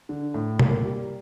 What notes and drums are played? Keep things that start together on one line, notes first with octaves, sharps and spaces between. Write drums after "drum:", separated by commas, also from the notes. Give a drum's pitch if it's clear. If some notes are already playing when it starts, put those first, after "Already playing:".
D3
A2
A#3, drum: tom B2
G3